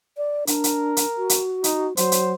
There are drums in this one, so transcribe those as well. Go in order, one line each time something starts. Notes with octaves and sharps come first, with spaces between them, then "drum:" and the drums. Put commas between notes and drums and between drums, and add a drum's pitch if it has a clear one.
D5
D4 A#4, drum: hi-hat
drum: hi-hat
drum: hi-hat
F#4
drum: hi-hat
D#4, drum: hi-hat
F#3 C5, drum: hi-hat
drum: hi-hat